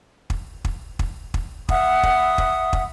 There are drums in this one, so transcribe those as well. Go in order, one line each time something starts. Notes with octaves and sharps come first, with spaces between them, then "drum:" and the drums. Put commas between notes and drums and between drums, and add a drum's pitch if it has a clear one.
drum: kick
drum: kick
drum: kick
drum: kick
E5 F#5 B5 D#6, drum: kick
drum: kick
drum: kick
drum: kick